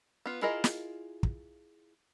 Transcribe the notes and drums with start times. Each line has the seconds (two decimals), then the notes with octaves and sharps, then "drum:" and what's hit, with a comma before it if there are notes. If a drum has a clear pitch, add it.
0.26 B3 F4
0.42 E4 F4 G#4 A#4 D#5
0.64 drum: snare
1.23 drum: kick